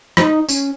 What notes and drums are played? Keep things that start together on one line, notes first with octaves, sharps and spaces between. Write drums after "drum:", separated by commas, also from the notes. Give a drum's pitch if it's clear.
D#4, drum: rim click
C#4, drum: tambourine